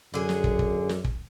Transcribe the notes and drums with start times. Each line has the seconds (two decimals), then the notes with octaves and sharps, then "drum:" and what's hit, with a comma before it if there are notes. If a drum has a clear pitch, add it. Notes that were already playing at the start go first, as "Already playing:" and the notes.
0.14 F#2 D3 G#4
0.29 drum: snare
0.44 drum: kick
0.59 drum: kick
0.89 drum: snare
1.04 drum: kick